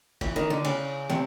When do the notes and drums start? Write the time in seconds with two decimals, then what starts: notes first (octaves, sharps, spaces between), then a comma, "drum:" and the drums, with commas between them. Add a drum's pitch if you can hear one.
0.21 E3, drum: kick, cymbal
0.36 D#3
0.50 D3
0.65 C#3, drum: cymbal
1.10 C3, drum: snare